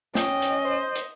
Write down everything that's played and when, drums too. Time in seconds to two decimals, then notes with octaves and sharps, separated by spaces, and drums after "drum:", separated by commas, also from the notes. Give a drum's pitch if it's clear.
0.15 C#4 D#5 G5, drum: snare
0.42 drum: hi-hat
0.65 C5
0.95 drum: hi-hat